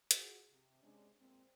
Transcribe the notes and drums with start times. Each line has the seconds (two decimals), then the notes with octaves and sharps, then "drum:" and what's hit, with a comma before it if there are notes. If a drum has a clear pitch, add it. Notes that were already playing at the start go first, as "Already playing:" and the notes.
0.11 F4 F#4 G#4, drum: hi-hat
0.51 C3
0.82 C3 G#3 C#4 D4
1.20 A#2 G#3 C4